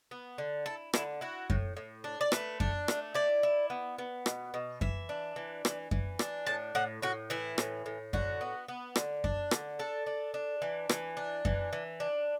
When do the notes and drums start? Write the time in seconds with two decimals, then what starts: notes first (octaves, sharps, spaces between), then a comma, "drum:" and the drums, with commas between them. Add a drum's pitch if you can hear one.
0.11 B3
0.38 D3
0.66 E4 A4
0.93 D3 E4, drum: rim click
1.21 E4 F#4
1.50 A2, drum: kick F#2
1.77 A2
2.04 D4
2.21 D5
2.32 A3 B4, drum: rim click
2.60 D4, drum: kick F#2
2.88 A3, drum: rim click
3.14 E4 D5
3.43 E4
3.70 B3
3.98 B3
4.26 B2, drum: rim click
4.54 B2
4.81 E3 E5, drum: kick F#2
5.09 D4
5.36 E3
5.65 E3, drum: rim click
5.91 E3, drum: kick F#2
6.19 D4, drum: rim click
6.47 A2 A5
6.75 A2 F#5
7.02 A2 F#4
7.30 E3 E4
7.58 A2, drum: rim click
7.86 A2
8.13 D3 F#4, drum: kick F#2
8.41 B3
8.68 B3
8.96 D3, drum: rim click
9.24 D4, drum: kick F#2
9.51 D3, drum: rim click
9.79 D4 A4
10.06 D4
10.34 D4
10.62 E3
10.89 E3, drum: rim click
11.17 D4
11.45 E3, drum: kick F#2
11.73 E3
12.00 D4